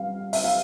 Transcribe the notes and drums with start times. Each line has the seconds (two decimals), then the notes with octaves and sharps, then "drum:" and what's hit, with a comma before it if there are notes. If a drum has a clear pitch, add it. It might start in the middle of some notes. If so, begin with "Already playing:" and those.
Already playing: G3 F5
0.33 E5, drum: open hi-hat
0.44 F5